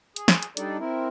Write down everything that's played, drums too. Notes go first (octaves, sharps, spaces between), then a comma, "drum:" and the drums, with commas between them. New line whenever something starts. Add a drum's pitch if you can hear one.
G#4, drum: hi-hat
drum: snare
drum: hi-hat
G3 D4 D#4 A4 D5, drum: hi-hat
C4 E4 A#4